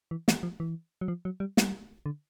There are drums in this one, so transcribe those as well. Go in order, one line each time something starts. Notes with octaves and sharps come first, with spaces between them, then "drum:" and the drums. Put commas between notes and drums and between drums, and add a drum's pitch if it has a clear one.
E3
E3, drum: snare
F3
E3
F#3
F3
F#3
G3
G3, drum: snare
D3